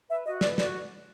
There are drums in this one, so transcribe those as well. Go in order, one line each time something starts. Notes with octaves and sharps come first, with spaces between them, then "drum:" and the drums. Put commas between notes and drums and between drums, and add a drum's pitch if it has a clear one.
B4 E5
F#4 D#5
B4 D5, drum: snare
F#4 D5, drum: snare